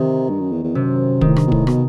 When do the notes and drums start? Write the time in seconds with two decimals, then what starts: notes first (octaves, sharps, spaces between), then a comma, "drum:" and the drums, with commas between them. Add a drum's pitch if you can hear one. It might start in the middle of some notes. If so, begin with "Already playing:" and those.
Already playing: C3 D#3
0.29 G2
0.40 F#2
0.52 E2
0.63 E2
0.75 F#2 C3
1.21 A2 D#3, drum: kick
1.36 G2, drum: rim click
1.47 B2
1.52 A2, drum: kick
1.67 B2, drum: rim click